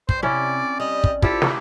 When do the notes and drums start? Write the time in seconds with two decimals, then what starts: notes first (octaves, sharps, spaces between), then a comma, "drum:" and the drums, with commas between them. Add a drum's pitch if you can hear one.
0.09 G2 C5, drum: kick
0.23 C3 C#4 E4 D5
0.80 G3 D#5
1.04 drum: kick
1.22 E4 F4 G4 A4 C5, drum: kick
1.42 drum: snare